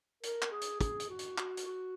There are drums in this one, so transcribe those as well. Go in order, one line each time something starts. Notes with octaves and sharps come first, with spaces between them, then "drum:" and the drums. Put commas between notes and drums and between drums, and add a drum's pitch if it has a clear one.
A#4, drum: hi-hat
drum: clap
G#4
drum: hi-hat
G#4, drum: kick, hi-hat
drum: hi-hat
F#4
drum: hi-hat
F#4, drum: clap
drum: hi-hat
F#4